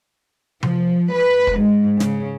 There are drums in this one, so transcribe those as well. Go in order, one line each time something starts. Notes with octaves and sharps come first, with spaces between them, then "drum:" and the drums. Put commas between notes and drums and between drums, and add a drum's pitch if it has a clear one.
F3, drum: tom C3
B4
drum: kick
G#2
C#3, drum: snare